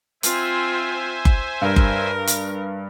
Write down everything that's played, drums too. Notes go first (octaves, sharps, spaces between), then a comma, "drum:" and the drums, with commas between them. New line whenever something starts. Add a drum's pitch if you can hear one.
C4 F4 C5 E5 G#5, drum: hi-hat
drum: kick F#1
G2 A#4
drum: kick F#1
drum: hi-hat